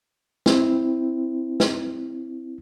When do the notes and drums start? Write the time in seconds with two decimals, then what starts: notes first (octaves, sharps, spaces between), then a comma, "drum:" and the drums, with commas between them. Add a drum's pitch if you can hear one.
0.46 C4 E4, drum: snare
1.60 drum: snare